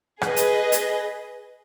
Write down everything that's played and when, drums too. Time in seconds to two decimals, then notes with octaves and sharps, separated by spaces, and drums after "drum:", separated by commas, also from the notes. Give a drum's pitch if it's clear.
0.21 G#4 B4 D#5, drum: rim click
0.36 drum: hi-hat
0.72 drum: hi-hat